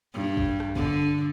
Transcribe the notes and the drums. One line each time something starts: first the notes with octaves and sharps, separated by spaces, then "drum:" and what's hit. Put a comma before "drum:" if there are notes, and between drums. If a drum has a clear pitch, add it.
G2
drum: kick
drum: rim click
D3, drum: kick